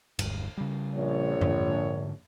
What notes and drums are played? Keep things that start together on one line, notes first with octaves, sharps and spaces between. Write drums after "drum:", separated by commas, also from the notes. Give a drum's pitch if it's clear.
E1 D2 G2, drum: cymbal
C#3 G3
A#1 C#5
G#2 D3, drum: tom F2